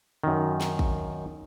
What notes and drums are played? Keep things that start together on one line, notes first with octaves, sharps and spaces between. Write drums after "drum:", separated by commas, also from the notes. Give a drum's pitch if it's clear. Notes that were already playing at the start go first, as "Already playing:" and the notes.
F#2 D#3
drum: snare
drum: kick